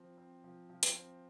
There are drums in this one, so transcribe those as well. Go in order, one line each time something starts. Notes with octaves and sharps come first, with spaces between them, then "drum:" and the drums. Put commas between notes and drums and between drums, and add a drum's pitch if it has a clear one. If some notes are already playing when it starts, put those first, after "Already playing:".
Already playing: F3 C4
C4
F3
F3
drum: hi-hat
C4